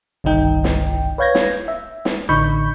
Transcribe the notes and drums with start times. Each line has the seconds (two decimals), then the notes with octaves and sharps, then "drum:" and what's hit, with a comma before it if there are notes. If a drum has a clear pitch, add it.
0.24 G1 C2 D#3 D#4 G5
0.64 drum: snare
1.18 B4 C#5 F5 G6 G#6 A#6
1.35 drum: snare
1.68 E5
2.05 drum: snare
2.29 A1 D3 D#4 B5 C#6 G6